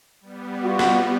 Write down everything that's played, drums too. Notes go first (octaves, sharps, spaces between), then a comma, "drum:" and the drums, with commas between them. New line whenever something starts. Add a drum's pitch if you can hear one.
G3 B3
F4 F#4
drum: snare